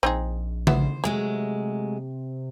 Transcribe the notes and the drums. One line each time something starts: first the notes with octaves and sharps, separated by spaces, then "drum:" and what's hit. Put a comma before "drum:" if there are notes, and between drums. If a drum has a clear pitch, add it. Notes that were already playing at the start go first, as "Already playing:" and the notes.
A#1 C4 D#4 G#4
B3 C5 E5, drum: tom C#3
C3 F#3 G#3 A3 G#4